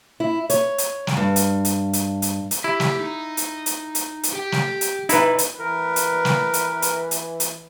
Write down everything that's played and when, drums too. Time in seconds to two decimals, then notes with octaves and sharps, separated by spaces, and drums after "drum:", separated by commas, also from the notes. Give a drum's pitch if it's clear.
0.20 E4
0.50 C#5, drum: hi-hat
0.78 drum: hi-hat
1.07 drum: snare
1.17 G2
1.36 drum: hi-hat
1.65 drum: hi-hat
1.93 drum: hi-hat
2.22 drum: hi-hat
2.51 drum: hi-hat
2.64 E4 G4
2.80 drum: snare
3.00 D#4
3.37 drum: hi-hat
3.66 drum: hi-hat
3.95 drum: hi-hat
4.23 drum: hi-hat
4.33 G4 G5
4.52 drum: snare
4.81 drum: hi-hat
5.09 D#4 E4 B4, drum: hi-hat
5.39 drum: hi-hat
5.59 E3 A#4 B4
5.96 drum: hi-hat
6.25 drum: snare
6.54 drum: hi-hat
6.82 drum: hi-hat
7.11 drum: hi-hat
7.40 drum: hi-hat